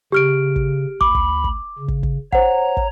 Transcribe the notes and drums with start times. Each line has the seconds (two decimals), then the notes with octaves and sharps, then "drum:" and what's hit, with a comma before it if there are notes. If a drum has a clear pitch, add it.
0.12 C#3 G4 F6 D7
0.56 drum: kick
1.01 D2 B5 D6, drum: kick
1.15 drum: kick
1.44 drum: kick
1.78 C#3
1.88 drum: kick
2.03 drum: kick
2.33 C5 C#5 F#5 A#5, drum: kick
2.77 drum: kick